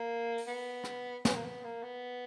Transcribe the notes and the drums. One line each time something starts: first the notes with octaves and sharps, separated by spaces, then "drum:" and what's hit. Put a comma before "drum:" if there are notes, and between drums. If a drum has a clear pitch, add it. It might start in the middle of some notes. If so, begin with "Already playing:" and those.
Already playing: A#3
drum: open hi-hat
B3
drum: rim click
C#4, drum: snare
A#3
B3
A#3
B3